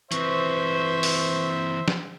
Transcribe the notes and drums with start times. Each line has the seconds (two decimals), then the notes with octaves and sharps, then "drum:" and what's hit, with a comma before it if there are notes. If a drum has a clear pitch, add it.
0.12 E3 C4 B4 C5 E5 C#6, drum: hi-hat
1.03 drum: open hi-hat
1.88 drum: snare